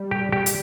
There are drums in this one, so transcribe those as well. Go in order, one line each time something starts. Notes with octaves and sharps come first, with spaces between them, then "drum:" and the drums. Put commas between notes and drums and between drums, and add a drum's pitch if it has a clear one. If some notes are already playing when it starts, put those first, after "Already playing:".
Already playing: G3
G4
G3 G4
drum: hi-hat